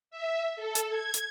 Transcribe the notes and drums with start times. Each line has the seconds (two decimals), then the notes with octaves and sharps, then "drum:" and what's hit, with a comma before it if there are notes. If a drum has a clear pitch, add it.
0.11 E5
0.56 A4
0.75 drum: hi-hat
0.88 G#6
1.14 drum: hi-hat